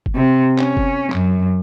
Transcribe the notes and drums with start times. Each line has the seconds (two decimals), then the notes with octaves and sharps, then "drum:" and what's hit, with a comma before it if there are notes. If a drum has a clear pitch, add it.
0.06 drum: kick F#1
0.15 C3
0.58 C#4, drum: clap
0.77 drum: kick F#1
1.12 F#2, drum: clap